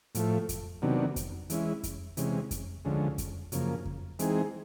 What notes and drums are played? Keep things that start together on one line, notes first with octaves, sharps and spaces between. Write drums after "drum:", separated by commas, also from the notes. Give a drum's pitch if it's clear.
A2 F3 A3, drum: hi-hat
drum: kick F2, hi-hat
C3 D#3 F#3 B3 D4
drum: kick F2, hi-hat
E3 G#3 C#4 E4, drum: hi-hat
drum: kick F2, hi-hat
C3 E3 G#3 C#4, drum: hi-hat
drum: kick F2, hi-hat
D2 D3 F3 G#3 C#4
drum: kick F2, hi-hat
F#2 C#3 F3 A#3, drum: hi-hat
drum: kick F2
E3 G#3 C4 D#4 G#4, drum: hi-hat